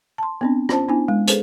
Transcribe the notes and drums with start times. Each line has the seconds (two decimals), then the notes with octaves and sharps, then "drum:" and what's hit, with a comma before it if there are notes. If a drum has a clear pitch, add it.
0.18 A5 C6
0.41 B3 C4 D4
0.69 C#4 F4 C5 A5, drum: rim click
0.88 B3 D4 E4 G#5
1.08 G#3
1.28 G#4 A4 B4 C5, drum: hi-hat